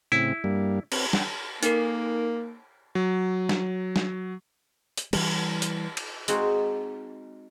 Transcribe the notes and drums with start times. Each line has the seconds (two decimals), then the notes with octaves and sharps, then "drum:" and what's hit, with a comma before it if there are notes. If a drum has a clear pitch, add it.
0.12 A2 C#3 C4 E4
0.44 G2 G3 A#3
0.92 C4 B4 C#5, drum: cymbal
1.13 F#5 G5, drum: snare
1.63 A#3 D#4 A4 A#4, drum: hi-hat
2.95 F#3
3.49 drum: snare
3.96 drum: snare
4.97 drum: hi-hat
5.13 E3 G3, drum: cymbal
5.62 drum: hi-hat
5.97 drum: cymbal
6.28 G#3 C4 D#4 F#4, drum: hi-hat